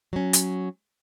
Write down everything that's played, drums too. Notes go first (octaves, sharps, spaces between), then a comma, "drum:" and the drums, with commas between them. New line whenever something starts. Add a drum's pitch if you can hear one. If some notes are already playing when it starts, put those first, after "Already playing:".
F#3 C#4
drum: hi-hat